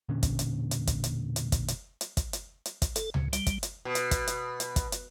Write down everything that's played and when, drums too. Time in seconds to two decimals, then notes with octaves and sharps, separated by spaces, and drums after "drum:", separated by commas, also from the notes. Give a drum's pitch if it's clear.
0.09 E1 A#2 D3 C#4
0.23 drum: kick, hi-hat
0.39 drum: hi-hat
0.71 drum: hi-hat
0.87 drum: kick, hi-hat
1.04 drum: hi-hat
1.36 drum: hi-hat
1.52 drum: kick, hi-hat
1.68 drum: hi-hat
2.01 drum: hi-hat
2.17 drum: kick, hi-hat
2.33 drum: hi-hat
2.66 drum: hi-hat
2.82 drum: kick, hi-hat
2.96 A4, drum: hi-hat
3.14 C#3, drum: tom C#2
3.33 G3, drum: hi-hat
3.46 drum: kick, hi-hat
3.63 drum: hi-hat
3.85 B2
3.95 drum: hi-hat
4.11 drum: kick, hi-hat
4.27 drum: hi-hat
4.60 drum: hi-hat
4.76 drum: kick, hi-hat
4.92 drum: hi-hat